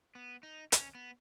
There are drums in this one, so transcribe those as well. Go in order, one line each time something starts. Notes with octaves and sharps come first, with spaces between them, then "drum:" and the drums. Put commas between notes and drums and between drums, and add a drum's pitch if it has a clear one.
B3
D#4
C#4, drum: hi-hat
B3